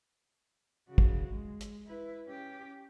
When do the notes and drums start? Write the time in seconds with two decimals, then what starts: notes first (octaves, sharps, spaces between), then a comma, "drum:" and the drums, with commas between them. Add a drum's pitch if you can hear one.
0.89 C#3 F#4
0.98 drum: kick
1.31 G#3
1.61 drum: hi-hat
1.87 E4 B4
2.25 C#4 G4